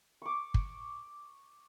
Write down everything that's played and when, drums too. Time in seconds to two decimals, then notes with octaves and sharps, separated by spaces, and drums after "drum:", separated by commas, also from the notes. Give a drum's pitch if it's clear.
0.22 C#6 D6
0.54 drum: kick